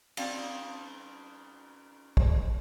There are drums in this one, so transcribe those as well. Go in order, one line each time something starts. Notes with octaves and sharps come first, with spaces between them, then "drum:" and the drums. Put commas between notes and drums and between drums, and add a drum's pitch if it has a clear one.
C4 D5 F5 A5, drum: cymbal
drum: kick